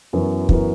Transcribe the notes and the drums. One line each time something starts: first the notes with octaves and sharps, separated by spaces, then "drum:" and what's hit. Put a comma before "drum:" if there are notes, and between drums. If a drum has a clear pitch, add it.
F#2 E3 B3 F#4 A#4
F#2 E3 B3 F#4 A#4, drum: kick